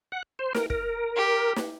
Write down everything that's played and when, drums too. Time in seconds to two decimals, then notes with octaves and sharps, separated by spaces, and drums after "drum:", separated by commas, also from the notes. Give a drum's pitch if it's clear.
0.12 F#5
0.39 C5
0.55 A#4, drum: snare
0.70 A#4, drum: kick
1.16 G4
1.56 drum: snare